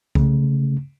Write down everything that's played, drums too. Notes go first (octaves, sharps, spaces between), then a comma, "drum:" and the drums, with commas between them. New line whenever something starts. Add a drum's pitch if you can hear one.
C#3 A3, drum: kick C2